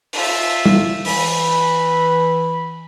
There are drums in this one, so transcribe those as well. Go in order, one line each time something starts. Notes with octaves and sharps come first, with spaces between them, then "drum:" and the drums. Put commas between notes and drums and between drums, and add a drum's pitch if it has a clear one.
F4 E5, drum: open hi-hat
drum: tom
E3 B5, drum: open hi-hat